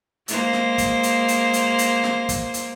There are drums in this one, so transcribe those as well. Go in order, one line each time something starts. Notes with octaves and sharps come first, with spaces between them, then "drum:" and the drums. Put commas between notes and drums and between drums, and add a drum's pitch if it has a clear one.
G#3 A#3 C5, drum: hi-hat
drum: snare
drum: kick, hi-hat
drum: hi-hat
drum: hi-hat
drum: hi-hat
drum: hi-hat
drum: snare
drum: kick, hi-hat
drum: hi-hat